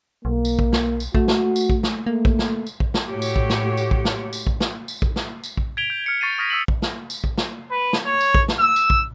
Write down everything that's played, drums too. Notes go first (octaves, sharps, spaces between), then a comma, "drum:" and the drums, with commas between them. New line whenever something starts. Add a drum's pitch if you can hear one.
B1 A#3
drum: tambourine
drum: kick A#1
drum: snare
drum: tambourine
A3 F#4, drum: kick A#1
drum: snare
drum: tambourine
drum: kick A#1
drum: snare
A3 A#3
drum: kick A#1
drum: snare
drum: tambourine
drum: kick A#1
drum: snare
A2 F#4 G4 C#5
drum: tambourine
drum: kick A#1
drum: snare
drum: tambourine
drum: kick A#1
drum: snare
drum: tambourine
drum: kick A#1
drum: snare
drum: tambourine
drum: kick A#1
drum: snare
drum: tambourine
drum: kick A#1
G#6 B6 D7 F7 G7
G6
F6 C#7 G7
C#6 A6 C7 D#7
C#6 D#6 F6 A#6 B6 D7
D#6 E6 B6 F#7
drum: kick A#1
drum: snare
drum: tambourine
drum: kick A#1
drum: snare
B4
drum: snare
C#5
drum: tambourine
drum: kick A#1
drum: snare
E6
drum: tambourine
drum: kick A#1